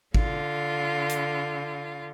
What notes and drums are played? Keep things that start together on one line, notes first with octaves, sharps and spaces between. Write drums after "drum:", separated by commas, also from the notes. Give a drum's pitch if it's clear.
D3 F4, drum: kick
drum: hi-hat